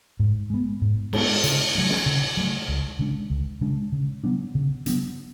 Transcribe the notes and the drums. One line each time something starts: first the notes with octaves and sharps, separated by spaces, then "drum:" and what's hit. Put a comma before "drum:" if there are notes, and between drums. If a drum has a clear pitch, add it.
G#2
G#3 B3
G#2
G#3 B3, drum: cymbal
C#3, drum: hi-hat
F#3 A3
drum: snare
C#3
F#3 A3
C#2
C#3 G#3 D4
C#2
C#3 G#3 D4
C#3
F#3 B3 D4
C#3
F#3 B3 D4, drum: hi-hat